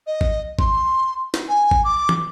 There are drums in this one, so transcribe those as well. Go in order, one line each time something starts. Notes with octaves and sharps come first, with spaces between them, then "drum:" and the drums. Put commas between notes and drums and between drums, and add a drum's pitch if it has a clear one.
D#5
drum: kick G#1
C6, drum: kick G#1
drum: snare
G#5
drum: kick G#1
D6
drum: tom